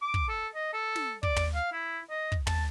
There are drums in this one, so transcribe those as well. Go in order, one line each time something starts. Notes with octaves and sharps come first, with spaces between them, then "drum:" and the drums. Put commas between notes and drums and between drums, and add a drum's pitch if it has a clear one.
D6
drum: kick
A4
D#5
A4
drum: snare
D5, drum: kick
drum: tom
F5
E4
D#5
drum: kick
A5, drum: tom